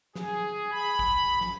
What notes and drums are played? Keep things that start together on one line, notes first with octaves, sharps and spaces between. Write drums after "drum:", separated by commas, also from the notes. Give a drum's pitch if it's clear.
G#4, drum: snare
B5
drum: kick A1
drum: snare